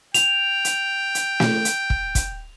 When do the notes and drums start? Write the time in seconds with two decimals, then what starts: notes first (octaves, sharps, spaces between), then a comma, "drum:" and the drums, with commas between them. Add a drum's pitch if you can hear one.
0.14 G5 F7, drum: hi-hat
0.65 drum: hi-hat
1.15 drum: hi-hat
1.40 drum: snare
1.65 drum: hi-hat
1.90 drum: kick
2.15 drum: kick, hi-hat